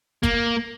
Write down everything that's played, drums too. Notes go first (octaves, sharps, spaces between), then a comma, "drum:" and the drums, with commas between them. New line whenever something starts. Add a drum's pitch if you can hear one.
A#3, drum: kick, hi-hat